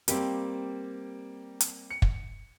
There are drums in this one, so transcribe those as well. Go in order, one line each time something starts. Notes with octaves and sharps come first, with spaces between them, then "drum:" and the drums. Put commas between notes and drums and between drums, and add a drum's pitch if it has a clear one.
G3 A#3 C4 G4, drum: hi-hat
drum: hi-hat
C#7
drum: kick